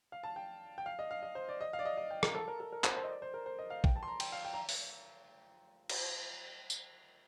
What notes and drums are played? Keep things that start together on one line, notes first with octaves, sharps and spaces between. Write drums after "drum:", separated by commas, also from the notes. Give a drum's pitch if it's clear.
F5
A5
G5
G5
F5
D#5
F5
D#5
C5
D5
D#5
F5
D5
D#5
D#5
G5
A#4, drum: rim click
A4
A#4
A4
A#4
C5, drum: clap
C5
D#5
D5
C5
A#4
C5
D#5
F5
G5, drum: kick A#1
A5
C6
A#5
G5, drum: cymbal
F5
G5
A#5
drum: open hi-hat
drum: cymbal
drum: tambourine